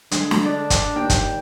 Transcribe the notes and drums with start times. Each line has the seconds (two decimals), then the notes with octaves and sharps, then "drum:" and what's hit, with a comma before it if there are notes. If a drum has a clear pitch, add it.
0.11 D3 G#3, drum: hi-hat
0.31 drum: snare
0.45 D4 D5
0.70 drum: kick, hi-hat
0.95 D#2 A#4 G5
1.10 drum: kick, hi-hat